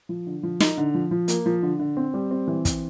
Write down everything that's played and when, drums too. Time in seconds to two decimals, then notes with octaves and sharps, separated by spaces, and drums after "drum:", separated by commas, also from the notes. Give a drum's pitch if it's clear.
0.09 F3
0.27 D3
0.43 F3
0.60 D#4, drum: snare
0.77 D3
0.95 F3
1.11 F3
1.28 A#3, drum: hi-hat
1.46 F3
1.63 D3
1.79 D3
1.97 C4
2.14 G3
2.31 C4
2.48 E3
2.65 C4, drum: kick, hi-hat